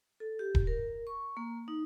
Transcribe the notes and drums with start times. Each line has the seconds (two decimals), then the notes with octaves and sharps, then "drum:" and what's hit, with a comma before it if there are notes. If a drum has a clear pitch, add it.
0.20 A4
0.39 G4
0.55 drum: kick D#1
0.67 A#4
1.07 C#6
1.37 A#3
1.68 D#4